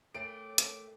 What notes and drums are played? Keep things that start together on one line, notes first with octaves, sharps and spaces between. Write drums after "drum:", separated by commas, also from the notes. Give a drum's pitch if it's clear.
A3 A#4 C#5 G5 D6 D7
drum: hi-hat